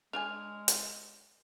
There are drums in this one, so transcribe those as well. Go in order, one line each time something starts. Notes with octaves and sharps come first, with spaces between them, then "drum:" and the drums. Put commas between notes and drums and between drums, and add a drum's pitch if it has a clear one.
G#3 D4 C#5 G#5 F6 F7
drum: hi-hat